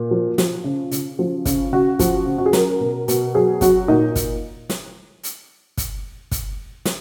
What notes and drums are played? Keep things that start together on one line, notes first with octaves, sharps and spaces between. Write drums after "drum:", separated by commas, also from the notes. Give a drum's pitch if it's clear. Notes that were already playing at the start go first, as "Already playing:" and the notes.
Already playing: A#2
F3
F3, drum: snare
C#3
C#3, drum: hi-hat
F3
C#3, drum: kick, hi-hat
C#3 F#4
F3, drum: kick, hi-hat
C#3
F#4
G#4
F#3 A#4, drum: snare
B2
B2, drum: hi-hat
F#3 G#4
F#3 F#4, drum: kick, hi-hat
A#2 D#4
drum: kick, hi-hat
drum: snare
drum: hi-hat
drum: kick, hi-hat
drum: kick, hi-hat
drum: snare